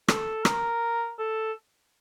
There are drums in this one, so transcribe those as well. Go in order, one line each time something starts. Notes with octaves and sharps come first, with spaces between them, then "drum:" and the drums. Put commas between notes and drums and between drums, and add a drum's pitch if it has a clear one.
A4, drum: rim click
A#4, drum: rim click
A4